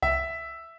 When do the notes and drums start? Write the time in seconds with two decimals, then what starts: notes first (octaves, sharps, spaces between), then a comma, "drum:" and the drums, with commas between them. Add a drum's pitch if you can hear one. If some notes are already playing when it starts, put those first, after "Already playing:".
0.02 E5, drum: kick C2